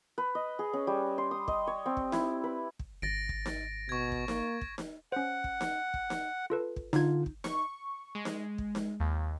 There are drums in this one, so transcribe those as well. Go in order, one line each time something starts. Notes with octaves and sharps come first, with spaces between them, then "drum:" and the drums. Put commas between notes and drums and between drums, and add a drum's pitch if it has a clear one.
B4
D#5
G#4
C#4
G3
C6
D#6
D#5, drum: kick
C#5
C4
drum: kick
E4, drum: snare D#4
B4
drum: kick
G#1 A6 A#6 D7
drum: kick
drum: snare D#4
B2 C#6 G#6
drum: kick
A#3, drum: snare D#4
drum: kick
drum: snare D#4
C#4 C5 F#5
drum: kick
drum: snare D#4
drum: kick
drum: snare D#4
F4 A4 B4
drum: kick
D3 D#4 F4 G#6, drum: snare D#4
drum: kick
C#6, drum: snare D#4
G#3
drum: snare D#4
drum: kick
drum: snare D#4
D#2